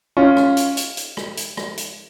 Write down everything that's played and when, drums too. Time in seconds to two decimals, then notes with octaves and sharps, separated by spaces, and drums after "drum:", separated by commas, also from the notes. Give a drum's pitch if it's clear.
0.17 C#4 F4
0.37 drum: rim click
0.57 drum: hi-hat
0.77 drum: hi-hat
0.97 drum: hi-hat
1.17 drum: rim click
1.37 drum: hi-hat
1.57 drum: rim click
1.77 drum: hi-hat